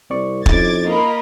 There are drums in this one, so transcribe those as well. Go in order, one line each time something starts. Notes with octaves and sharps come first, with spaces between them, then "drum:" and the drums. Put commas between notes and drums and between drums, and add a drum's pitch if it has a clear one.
C2 C4 D5 C#6
F2 C#4 D#4 E4 D6 G#6 A6, drum: kick
A#3 F4 A#4 D#5 B5